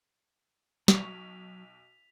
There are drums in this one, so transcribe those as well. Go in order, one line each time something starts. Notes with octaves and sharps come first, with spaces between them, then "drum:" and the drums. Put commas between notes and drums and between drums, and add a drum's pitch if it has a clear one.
B1 F#3 C#6 B6 F7, drum: snare